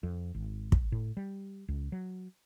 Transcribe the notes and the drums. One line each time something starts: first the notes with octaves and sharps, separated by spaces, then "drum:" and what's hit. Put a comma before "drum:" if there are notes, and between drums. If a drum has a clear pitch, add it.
F2
G#1
drum: kick
A2
G3
C#2
F#3